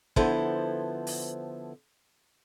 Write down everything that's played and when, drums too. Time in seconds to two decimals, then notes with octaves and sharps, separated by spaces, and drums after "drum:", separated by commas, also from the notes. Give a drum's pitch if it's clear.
0.16 D3 F3 B3 E4 A4 C5, drum: kick
1.07 drum: open hi-hat